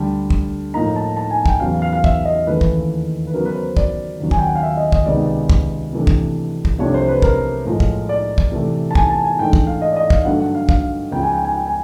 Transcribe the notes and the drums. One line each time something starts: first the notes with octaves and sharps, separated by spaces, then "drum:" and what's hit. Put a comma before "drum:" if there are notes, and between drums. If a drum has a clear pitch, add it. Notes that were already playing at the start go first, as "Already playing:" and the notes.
Already playing: D2 D3 G3 A5
drum: kick
A2 F3 A#3 D#4 A#5
A5
A5
G#5
G5, drum: kick
E2 C#3 F#3 F5
F5
F5
E5, drum: kick
D#5
D#2 C#3 E3 A3 B4
drum: kick
B4
C#3 F#3 B3 A#4
B4
C5
D5, drum: kick
D#2 C#3 F#3
G#5, drum: kick
G5
F#5
F5
E5
D#5
D#5, drum: kick
C#2 C3 D#3 G#3 B3 D5
drum: kick
C3 E3 A3 D4
drum: kick
drum: kick
C2 C3 F3 A3 D4 C#5
C5
B4
A#4, drum: kick
A2 F3 G#3
drum: kick
D5
drum: kick
C3 E3 A3
A5
G#5, drum: kick
A5
G#5
G#2 E3 A3 D4 G5
drum: kick
F5
D#5
D5
D#5
F5, drum: kick
G2 D3 F#3 A3 F#5
F#5
F5
F5, drum: kick
C#2 C#3 F3 G5
G#5
G5
G#5
G5
G#5